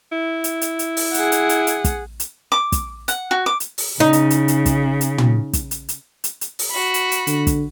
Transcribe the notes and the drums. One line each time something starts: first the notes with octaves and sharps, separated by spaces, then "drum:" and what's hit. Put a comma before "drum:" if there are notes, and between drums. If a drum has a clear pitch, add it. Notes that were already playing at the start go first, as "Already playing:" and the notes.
E4
drum: hi-hat
drum: hi-hat
drum: hi-hat
drum: open hi-hat
G#4 F#5, drum: hi-hat
drum: hi-hat
drum: hi-hat
drum: hi-hat
drum: kick, hi-hat
drum: hi-hat
D6
drum: kick, hi-hat
F#5, drum: hi-hat
F#4
D6
drum: hi-hat
drum: open hi-hat
C#3 D#4
drum: hi-hat
drum: hi-hat
drum: hi-hat
drum: kick, hi-hat
drum: hi-hat
drum: tom
drum: kick, hi-hat
drum: hi-hat
drum: hi-hat
drum: hi-hat
drum: hi-hat
drum: open hi-hat
F#4 B5
drum: hi-hat
drum: hi-hat
D3, drum: hi-hat
drum: kick, hi-hat